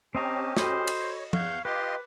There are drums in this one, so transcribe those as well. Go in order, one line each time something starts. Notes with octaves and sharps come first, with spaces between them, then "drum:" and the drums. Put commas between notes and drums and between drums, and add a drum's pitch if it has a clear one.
C4 C#4 G4 D#5 A5 A#5 C#6
F#4 A4 C5 D#5 B5, drum: snare
drum: cymbal
C#5
E2 F5 F#5 C#6 G6 G#6, drum: tom F3
F4 G4 B4 D#5 C6 D6